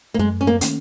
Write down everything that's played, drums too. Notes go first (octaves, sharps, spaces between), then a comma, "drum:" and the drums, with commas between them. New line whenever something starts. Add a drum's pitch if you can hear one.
A#3
F#2 G#3
C#4
A#3
D#3 A#3 C#4, drum: hi-hat